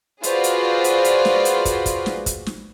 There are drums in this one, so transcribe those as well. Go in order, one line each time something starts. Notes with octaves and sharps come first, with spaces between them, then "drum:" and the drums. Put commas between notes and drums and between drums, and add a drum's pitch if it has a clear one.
F4 F#4 G#4 B4 C5 D5, drum: hi-hat
drum: hi-hat
drum: hi-hat
drum: hi-hat
drum: snare
drum: hi-hat
drum: kick, hi-hat
drum: kick, hi-hat
drum: snare
drum: kick, hi-hat
drum: snare